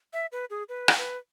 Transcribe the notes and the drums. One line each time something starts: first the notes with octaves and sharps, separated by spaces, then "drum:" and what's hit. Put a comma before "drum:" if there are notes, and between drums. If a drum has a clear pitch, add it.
E5
B4
G#4
B4
drum: rim click
B4